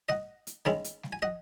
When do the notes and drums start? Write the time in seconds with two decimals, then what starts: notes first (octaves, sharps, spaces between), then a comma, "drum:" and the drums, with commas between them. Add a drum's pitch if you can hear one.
0.09 D#5 F#5, drum: snare G3
0.47 drum: hi-hat
0.65 D#3 G#3 C#4 E4, drum: snare G3
0.84 drum: hi-hat
1.03 drum: snare G3
1.13 G#5
1.22 D#5 F#5, drum: tom